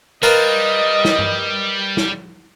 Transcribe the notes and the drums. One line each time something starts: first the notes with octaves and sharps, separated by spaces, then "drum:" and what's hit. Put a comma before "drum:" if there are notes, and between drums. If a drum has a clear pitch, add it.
G3 F4 A#4 B4 D#5
drum: snare
drum: tom G2
drum: snare